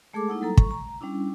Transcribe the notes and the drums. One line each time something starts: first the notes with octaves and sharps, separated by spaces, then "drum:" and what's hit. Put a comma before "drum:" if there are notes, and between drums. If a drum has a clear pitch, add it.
G#3 A3 G#4 A4 D6
A#3 D#4 E4 F#5
F#3 G3 A4 A#5
C#6, drum: kick
A#5
G3 C#4 D4 E4